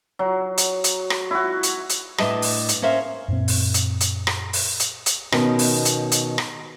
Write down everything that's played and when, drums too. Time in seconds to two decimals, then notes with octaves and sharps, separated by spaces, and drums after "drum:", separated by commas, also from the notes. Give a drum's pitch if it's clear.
0.19 F#3
0.58 drum: hi-hat
0.84 drum: hi-hat
1.10 drum: rim click
1.31 E4 F#4
1.63 drum: hi-hat
1.89 drum: hi-hat
2.18 A2 D4 B4 D#5 E5 A5, drum: rim click
2.42 drum: open hi-hat
2.69 drum: hi-hat
2.82 C#4 A#4 C5 E5 F5
3.28 F#2 A#2 C4
3.48 drum: open hi-hat
3.74 drum: hi-hat
4.00 drum: hi-hat
4.27 drum: rim click
4.53 drum: open hi-hat
4.80 drum: hi-hat
5.06 drum: hi-hat
5.32 B2 D#3 C#4, drum: rim click
5.59 drum: open hi-hat
5.85 drum: hi-hat
6.12 drum: hi-hat
6.38 drum: rim click